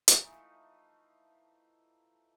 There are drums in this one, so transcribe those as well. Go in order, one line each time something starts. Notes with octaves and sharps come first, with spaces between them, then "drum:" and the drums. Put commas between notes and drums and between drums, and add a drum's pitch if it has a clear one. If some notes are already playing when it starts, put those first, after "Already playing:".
drum: hi-hat
E3 F3 A3 D#4